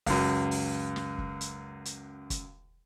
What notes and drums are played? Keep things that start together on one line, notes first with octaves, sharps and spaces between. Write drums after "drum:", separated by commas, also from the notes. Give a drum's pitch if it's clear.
C#2 F#2, drum: kick, open hi-hat
drum: open hi-hat
drum: snare
drum: kick
drum: hi-hat
drum: hi-hat
drum: kick, hi-hat